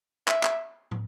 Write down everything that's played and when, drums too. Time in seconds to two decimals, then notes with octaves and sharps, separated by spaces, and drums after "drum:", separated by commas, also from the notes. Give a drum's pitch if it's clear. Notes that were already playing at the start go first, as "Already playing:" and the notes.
0.28 E5, drum: clap
0.43 drum: clap
0.91 drum: tom